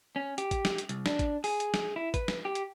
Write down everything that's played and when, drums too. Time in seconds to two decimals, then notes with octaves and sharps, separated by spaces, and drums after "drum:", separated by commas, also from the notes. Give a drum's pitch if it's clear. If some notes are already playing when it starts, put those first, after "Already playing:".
0.16 C#4
0.38 G4, drum: hi-hat
0.51 drum: kick G#1, hi-hat
0.65 drum: snare
0.78 drum: hi-hat
0.89 C2, drum: hi-hat
1.06 D4, drum: snare
1.19 drum: kick G#1, hi-hat
1.44 G#4, drum: open hi-hat
1.60 drum: hi-hat
1.74 drum: snare
1.96 E4
2.14 B4, drum: kick G#1, hi-hat
2.28 drum: snare
2.45 G4
2.55 drum: hi-hat